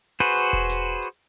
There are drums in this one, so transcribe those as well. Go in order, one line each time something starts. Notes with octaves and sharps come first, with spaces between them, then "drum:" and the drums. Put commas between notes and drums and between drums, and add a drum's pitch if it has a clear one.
F#4 G#4 B4 C5
drum: hi-hat
drum: kick E1
drum: snare
drum: hi-hat